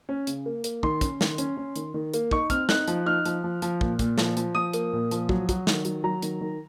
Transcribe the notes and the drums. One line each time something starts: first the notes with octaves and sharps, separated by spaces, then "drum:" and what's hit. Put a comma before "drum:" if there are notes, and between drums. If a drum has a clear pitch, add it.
C#4
C#3, drum: hi-hat
A#3
A#3, drum: hi-hat
D#3 C6, drum: kick
C#4, drum: kick, hi-hat
D#3, drum: snare
C#4, drum: hi-hat
C#4
D#3, drum: hi-hat
D#3
A#3, drum: hi-hat
D#4 C#6, drum: kick
C4 F6, drum: kick, hi-hat
D#4 F#6, drum: snare
F3, drum: hi-hat
D#4 F6
F3, drum: hi-hat
F3
F3, drum: hi-hat
A#2, drum: kick
A#2, drum: kick, hi-hat
F3, drum: snare
F3, drum: hi-hat
F3 D#6
A#3, drum: hi-hat
A#2
F3, drum: hi-hat
F#3, drum: kick
F#3, drum: kick, hi-hat
D#3, drum: snare
F#3, drum: hi-hat
F#3 A#5
D#3, drum: hi-hat
D#3